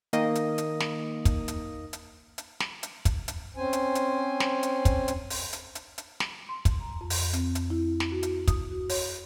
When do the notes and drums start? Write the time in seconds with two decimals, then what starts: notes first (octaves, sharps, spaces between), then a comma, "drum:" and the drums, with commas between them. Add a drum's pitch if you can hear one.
0.13 D#3 A#3 D#5, drum: hi-hat
0.35 drum: hi-hat
0.58 drum: hi-hat
0.80 drum: snare
1.25 drum: kick, hi-hat
1.48 drum: hi-hat
1.93 drum: hi-hat
2.38 drum: hi-hat
2.60 drum: snare
2.83 drum: hi-hat
3.05 drum: kick, hi-hat
3.28 drum: hi-hat
3.56 C4 C#4 C5 G#5
3.73 drum: hi-hat
3.95 drum: hi-hat
4.40 drum: snare
4.63 drum: hi-hat
4.85 drum: kick, hi-hat
5.08 drum: hi-hat
5.30 drum: open hi-hat
5.53 drum: hi-hat
5.75 drum: hi-hat
5.98 drum: hi-hat
6.20 drum: snare
6.49 C6
6.65 drum: kick, hi-hat
6.81 A#5
7.01 F2
7.10 drum: open hi-hat
7.33 C4, drum: hi-hat
7.55 drum: hi-hat
7.70 E4
8.00 drum: snare
8.12 F#4
8.23 drum: hi-hat
8.47 D#6, drum: kick, hi-hat
8.71 F#4
8.89 C#5, drum: open hi-hat